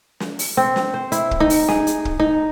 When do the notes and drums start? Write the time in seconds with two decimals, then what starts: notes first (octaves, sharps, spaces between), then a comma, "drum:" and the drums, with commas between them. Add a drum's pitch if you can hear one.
0.20 drum: snare
0.39 drum: open hi-hat
0.57 C4
0.76 drum: snare
0.94 C5
1.12 E4, drum: hi-hat
1.31 drum: kick
1.40 D#4
1.50 drum: open hi-hat
1.68 G#4, drum: snare
1.87 drum: hi-hat
2.05 drum: kick
2.20 D#4